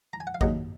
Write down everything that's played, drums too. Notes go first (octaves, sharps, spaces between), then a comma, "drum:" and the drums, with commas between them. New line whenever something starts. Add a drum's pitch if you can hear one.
A#5
G#5
F#5
F5
D#2 C#3 F#3 A#3 D#5, drum: kick A1